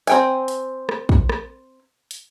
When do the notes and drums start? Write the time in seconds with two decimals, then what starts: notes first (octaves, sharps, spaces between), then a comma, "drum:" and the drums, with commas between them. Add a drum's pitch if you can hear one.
0.07 C4 G5 G#5, drum: hi-hat
0.48 drum: hi-hat
0.89 drum: rim click
1.09 drum: kick
1.29 drum: rim click
2.11 drum: hi-hat